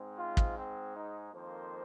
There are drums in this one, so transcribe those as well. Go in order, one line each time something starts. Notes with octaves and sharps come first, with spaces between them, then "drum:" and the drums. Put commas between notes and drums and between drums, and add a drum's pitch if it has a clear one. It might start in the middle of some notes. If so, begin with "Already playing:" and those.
Already playing: G#2 G#3 C4
F4
drum: kick
C4
D#4
F2 D#3 A#3 C5